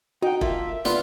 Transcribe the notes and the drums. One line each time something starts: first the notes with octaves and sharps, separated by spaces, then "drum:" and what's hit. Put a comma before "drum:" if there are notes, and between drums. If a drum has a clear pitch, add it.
D#4 F#4 F#5 G5
A#3 F4 A4 E5, drum: kick
D3 B3 F4, drum: snare